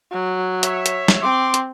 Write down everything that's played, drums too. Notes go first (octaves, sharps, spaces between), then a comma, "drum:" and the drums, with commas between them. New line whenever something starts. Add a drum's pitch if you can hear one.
F#3
C#5 E5, drum: hi-hat
drum: hi-hat
drum: snare
C4 C6 D6
drum: hi-hat